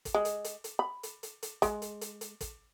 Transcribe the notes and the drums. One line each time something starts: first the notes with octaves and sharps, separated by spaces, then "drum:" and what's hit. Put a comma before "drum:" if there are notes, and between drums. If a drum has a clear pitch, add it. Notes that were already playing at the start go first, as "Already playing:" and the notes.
drum: kick, hi-hat
G#3
drum: hi-hat
drum: hi-hat
drum: hi-hat
B5
drum: hi-hat
drum: hi-hat
drum: hi-hat
G#3, drum: kick, hi-hat
drum: hi-hat
drum: hi-hat
drum: hi-hat
drum: kick, hi-hat